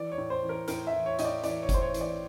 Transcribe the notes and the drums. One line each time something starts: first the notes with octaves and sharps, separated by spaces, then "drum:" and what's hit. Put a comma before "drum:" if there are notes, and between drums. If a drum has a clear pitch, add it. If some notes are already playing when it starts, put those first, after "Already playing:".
Already playing: E3 D5
C#5
A2
C5
E3
A#4
A2 A#4, drum: hi-hat
E5
E3
C#5
A2 D#5, drum: hi-hat
D5
E3 D5, drum: hi-hat
C#5
A2, drum: kick F#1, hi-hat
C5
C#5
E3, drum: hi-hat
D5